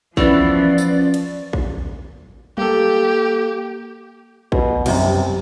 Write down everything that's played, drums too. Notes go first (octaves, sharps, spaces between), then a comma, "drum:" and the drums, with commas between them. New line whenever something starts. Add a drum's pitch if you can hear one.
E3 F3 B3 C#4 D5, drum: kick A1
drum: tambourine
drum: cymbal
drum: kick A1
A#3 G4 A4, drum: tom F#3
B2, drum: kick A1
C2 F#2 C3, drum: cymbal